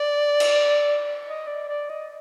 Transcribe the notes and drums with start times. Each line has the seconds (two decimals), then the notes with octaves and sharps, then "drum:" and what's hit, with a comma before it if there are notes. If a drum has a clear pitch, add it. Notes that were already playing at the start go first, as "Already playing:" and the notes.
Already playing: D5
0.40 drum: cymbal
1.27 D#5
1.47 D5
1.68 D5
1.89 D#5